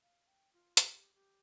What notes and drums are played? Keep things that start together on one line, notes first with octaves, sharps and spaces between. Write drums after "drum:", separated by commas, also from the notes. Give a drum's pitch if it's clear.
F5
G5
F4
G4, drum: hi-hat
G4